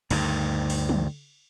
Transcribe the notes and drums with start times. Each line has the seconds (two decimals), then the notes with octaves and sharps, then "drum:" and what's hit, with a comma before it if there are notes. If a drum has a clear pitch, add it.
0.10 D2 G2 D#3, drum: cymbal
0.70 drum: open hi-hat
0.89 drum: tom